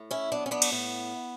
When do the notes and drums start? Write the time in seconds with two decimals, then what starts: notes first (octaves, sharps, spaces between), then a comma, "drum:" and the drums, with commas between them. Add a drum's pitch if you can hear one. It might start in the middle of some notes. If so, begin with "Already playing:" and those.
Already playing: A2
0.11 C#4 E4
0.32 F#3 B3 D4
0.46 C#4
0.51 B3 D4
0.62 drum: cymbal
0.72 A2 B3